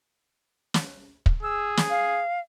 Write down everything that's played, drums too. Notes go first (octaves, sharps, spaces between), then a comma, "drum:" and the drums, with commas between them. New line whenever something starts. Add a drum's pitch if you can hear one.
drum: snare
drum: kick
G#4 E6
drum: snare
F5